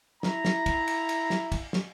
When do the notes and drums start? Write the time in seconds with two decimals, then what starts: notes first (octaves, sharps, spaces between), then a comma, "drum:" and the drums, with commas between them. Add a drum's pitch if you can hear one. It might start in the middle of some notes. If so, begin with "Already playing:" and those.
0.23 E4 A#5, drum: snare
0.45 drum: snare
0.66 drum: kick, cymbal
0.87 drum: cymbal
1.09 drum: cymbal
1.30 drum: snare
1.52 drum: kick, cymbal
1.73 drum: snare